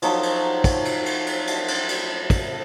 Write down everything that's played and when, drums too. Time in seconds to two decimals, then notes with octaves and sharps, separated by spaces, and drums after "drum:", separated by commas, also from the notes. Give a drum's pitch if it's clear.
0.02 F3 F#3 D#4 A5, drum: cymbal
0.23 drum: cymbal
0.64 drum: kick, cymbal
0.85 drum: cymbal
1.06 drum: cymbal
1.26 drum: cymbal
1.47 drum: cymbal
1.68 drum: cymbal
1.89 drum: cymbal
2.30 drum: kick, cymbal